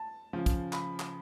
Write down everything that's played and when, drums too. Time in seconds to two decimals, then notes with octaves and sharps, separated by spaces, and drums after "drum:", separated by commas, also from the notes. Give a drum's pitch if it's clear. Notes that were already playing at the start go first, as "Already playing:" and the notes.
Already playing: A5
0.33 C#3 F3
0.46 drum: kick, hi-hat
0.73 B5, drum: clap
1.00 drum: clap